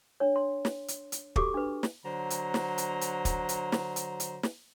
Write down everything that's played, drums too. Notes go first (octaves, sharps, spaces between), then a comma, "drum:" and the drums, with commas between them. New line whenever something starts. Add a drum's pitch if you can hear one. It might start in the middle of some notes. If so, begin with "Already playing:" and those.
D4 C#5
C6
drum: snare
drum: hi-hat
drum: hi-hat
F#4 G4 A4 C#6 D6, drum: kick
D4 B4
drum: snare
D3 F#3 C5 A#5
drum: hi-hat
drum: snare
drum: hi-hat
drum: hi-hat
drum: kick, hi-hat
drum: hi-hat
drum: snare
drum: hi-hat
drum: hi-hat
drum: snare